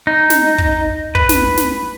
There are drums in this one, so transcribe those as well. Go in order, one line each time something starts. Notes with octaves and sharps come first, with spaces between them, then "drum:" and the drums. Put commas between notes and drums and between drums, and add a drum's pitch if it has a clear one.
D#4
drum: snare
drum: kick
B4, drum: kick
drum: snare
drum: snare